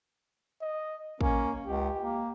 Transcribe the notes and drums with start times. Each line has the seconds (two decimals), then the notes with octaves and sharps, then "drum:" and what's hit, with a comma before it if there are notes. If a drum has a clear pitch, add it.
0.61 D#5
1.21 A#3 C#4, drum: kick
1.67 C#2 G4
2.01 A#3